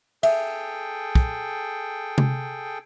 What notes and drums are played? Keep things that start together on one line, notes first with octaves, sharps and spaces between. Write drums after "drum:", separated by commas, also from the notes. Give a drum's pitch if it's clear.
G#4 A4 E5 G5, drum: cymbal
drum: kick
drum: tom C3